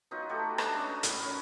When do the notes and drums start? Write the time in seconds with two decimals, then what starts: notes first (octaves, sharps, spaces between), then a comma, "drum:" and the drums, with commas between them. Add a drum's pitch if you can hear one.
0.11 F#3 B3 D#4 F4
0.29 A3 F#4 G4 A4
0.58 D4 D#5, drum: rim click
0.76 B3 C#4 D#4
1.03 A2 B5, drum: hi-hat
1.20 C#4 A#4